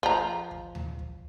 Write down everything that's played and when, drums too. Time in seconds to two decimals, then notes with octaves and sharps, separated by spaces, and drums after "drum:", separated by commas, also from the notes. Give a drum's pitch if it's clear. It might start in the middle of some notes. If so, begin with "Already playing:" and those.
0.03 F3 A#5, drum: kick
0.51 drum: kick
0.75 drum: tom D2
0.99 drum: kick